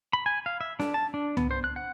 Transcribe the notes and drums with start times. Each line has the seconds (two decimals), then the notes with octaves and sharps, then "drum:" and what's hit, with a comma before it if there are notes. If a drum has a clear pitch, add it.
0.13 B5
0.26 G#5
0.46 F5
0.61 E5
0.80 D4, drum: snare
0.94 A5
1.14 D4
1.37 B3, drum: tom
1.51 C5
1.64 F#6
1.76 F#5